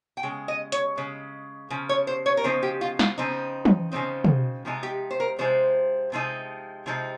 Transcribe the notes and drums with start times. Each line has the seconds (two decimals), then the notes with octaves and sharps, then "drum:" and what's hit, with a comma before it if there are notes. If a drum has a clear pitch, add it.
0.17 G5
0.23 C#3 G#3
0.48 D#5
0.72 C#5, drum: hi-hat
0.97 C#3 G#3
1.70 C#3 F3
1.89 C#5
2.07 C5
2.26 C#5
2.37 A#4
2.44 C#3 F3 C4 D#4 C5
2.63 G4
2.81 F4
2.99 F4, drum: snare
3.18 C#3 F3 C4 D#4
3.65 drum: tom
3.92 C#3 F3 C4 D#4
4.24 drum: tom
4.65 C3 F3 G#3 D#4
4.83 G4
5.11 C5
5.20 A#4
5.38 C3 F3 G#3 D#4 C5
6.12 C3 F3 G#3 D#4
6.86 C3 F3 G#3 D#4